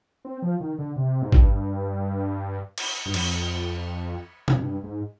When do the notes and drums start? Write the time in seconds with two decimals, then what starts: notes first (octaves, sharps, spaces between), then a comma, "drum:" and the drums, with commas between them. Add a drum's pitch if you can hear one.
0.25 C4
0.42 F3
0.60 D#3
0.78 D3
0.96 C3
1.22 G#2
1.32 G2, drum: kick G#1
2.78 drum: cymbal
3.06 G2
3.14 F2, drum: cymbal
4.48 F2, drum: tom B2
4.60 G2
4.84 G#2